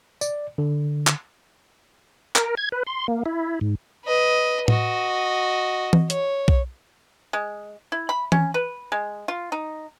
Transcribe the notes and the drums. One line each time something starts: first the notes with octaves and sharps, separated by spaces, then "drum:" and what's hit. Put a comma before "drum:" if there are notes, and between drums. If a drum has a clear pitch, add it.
D5, drum: tambourine
D3
drum: clap
A#4, drum: clap
G#6
B4
C6
A#3
E4
G#2
B4 D#5
F#4 D#5, drum: tom A2
drum: tom E3
C#5, drum: hi-hat
drum: kick B1
G#3
E4
B5
C#4, drum: tom E3
B4
G#3
F4
D#4